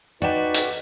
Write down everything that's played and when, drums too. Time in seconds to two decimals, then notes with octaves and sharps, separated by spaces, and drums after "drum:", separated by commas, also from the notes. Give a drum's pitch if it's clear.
0.22 D#4 F#4 B4 D5 G5 E7
0.54 drum: hi-hat